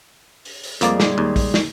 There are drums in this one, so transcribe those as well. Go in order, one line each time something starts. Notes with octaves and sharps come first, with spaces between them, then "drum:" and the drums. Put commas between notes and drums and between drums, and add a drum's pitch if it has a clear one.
drum: open hi-hat
drum: open hi-hat
F2 G3 G#3 A#3 G#4 D5, drum: hi-hat
drum: snare
D#2
drum: kick, open hi-hat
drum: snare